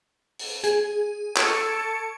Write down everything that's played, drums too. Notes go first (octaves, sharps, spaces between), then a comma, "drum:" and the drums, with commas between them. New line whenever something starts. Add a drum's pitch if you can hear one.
drum: open hi-hat
G#4, drum: hi-hat
A4 C#6 G#6 D7, drum: clap